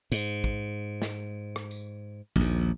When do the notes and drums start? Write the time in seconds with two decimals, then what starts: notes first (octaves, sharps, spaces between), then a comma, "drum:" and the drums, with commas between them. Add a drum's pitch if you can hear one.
0.12 G#2, drum: tambourine
0.44 drum: kick
1.02 drum: snare
1.56 drum: rim click
1.71 drum: tambourine
2.36 A#1 D#2, drum: kick